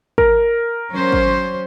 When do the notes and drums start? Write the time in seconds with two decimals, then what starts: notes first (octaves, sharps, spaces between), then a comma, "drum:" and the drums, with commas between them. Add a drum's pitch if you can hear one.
0.18 A#4, drum: kick G#1
0.90 F#3 C#4 C5
1.12 drum: kick G#1